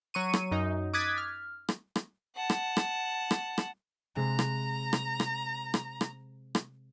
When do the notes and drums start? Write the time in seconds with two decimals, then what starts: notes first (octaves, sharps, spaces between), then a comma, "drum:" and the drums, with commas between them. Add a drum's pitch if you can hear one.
0.14 F#3 C#6 D#7
0.33 drum: rim click
0.51 F#2 D#4
0.93 D6 D#6 F#6 G#6 A6 B6
1.18 F6
1.69 drum: rim click
1.96 drum: rim click
2.36 F#5 A5
2.50 drum: rim click
2.77 drum: rim click
3.31 drum: rim click
3.58 drum: rim click
4.16 C3 G#3 A#5 F#6
4.39 drum: rim click
4.93 drum: rim click
5.20 drum: rim click
5.74 drum: rim click
6.01 drum: rim click
6.55 drum: rim click